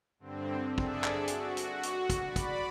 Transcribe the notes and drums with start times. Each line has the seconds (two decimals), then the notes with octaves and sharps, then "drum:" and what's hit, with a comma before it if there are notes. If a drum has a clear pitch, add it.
0.19 G2 D3 C4
0.78 D4 G#4 A4 D5 E5, drum: kick
1.04 drum: clap
1.28 F#4, drum: hi-hat
1.57 drum: hi-hat
1.83 drum: hi-hat
2.10 drum: kick, hi-hat
2.25 D5 B5
2.36 drum: kick, hi-hat